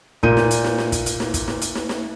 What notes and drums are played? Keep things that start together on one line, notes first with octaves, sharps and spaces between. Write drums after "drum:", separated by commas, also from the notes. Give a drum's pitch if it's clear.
A#2 G6 D#7, drum: kick
drum: snare
drum: hi-hat
drum: snare
drum: snare
drum: kick, hi-hat
drum: hi-hat
drum: snare
drum: kick, hi-hat
drum: snare
drum: hi-hat
drum: snare
drum: snare